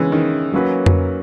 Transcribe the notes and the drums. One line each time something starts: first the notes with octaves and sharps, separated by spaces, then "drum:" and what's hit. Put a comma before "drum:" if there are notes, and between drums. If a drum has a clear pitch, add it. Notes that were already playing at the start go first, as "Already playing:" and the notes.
Already playing: C#3 E3 G#3 C#4
D#3
F#3 A#3 C#4 F#4 B4
drum: tom F2